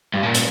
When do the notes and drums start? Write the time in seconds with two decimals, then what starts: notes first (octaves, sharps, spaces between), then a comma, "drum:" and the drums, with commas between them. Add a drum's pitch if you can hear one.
0.14 G2
0.23 A#2
0.34 drum: hi-hat